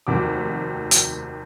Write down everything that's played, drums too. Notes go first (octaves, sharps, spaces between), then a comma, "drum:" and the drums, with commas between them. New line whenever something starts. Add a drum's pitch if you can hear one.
F1 D#2 C3 F#4 D6
drum: hi-hat